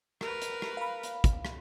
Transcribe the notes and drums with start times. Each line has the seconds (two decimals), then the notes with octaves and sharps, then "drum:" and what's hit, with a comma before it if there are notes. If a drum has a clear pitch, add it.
0.21 A#4 B4, drum: rim click
0.42 drum: hi-hat
0.62 drum: rim click
0.77 F5 B5
1.03 drum: hi-hat
1.24 drum: kick, hi-hat
1.45 drum: rim click